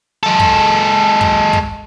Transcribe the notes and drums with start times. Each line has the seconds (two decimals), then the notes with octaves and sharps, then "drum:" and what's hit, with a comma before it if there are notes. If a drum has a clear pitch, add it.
0.23 G#3 A4
0.40 drum: kick
1.21 drum: kick
1.53 drum: kick